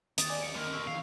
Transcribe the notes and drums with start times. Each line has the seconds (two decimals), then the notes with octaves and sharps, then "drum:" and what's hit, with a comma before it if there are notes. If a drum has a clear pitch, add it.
0.18 D#2 D#6 A6, drum: hi-hat
0.29 D5 G#5 D6
0.41 C#7 D7
0.55 D3 A#3 A#4 D#5
0.73 C#6 E6
0.87 D#3 E3 F5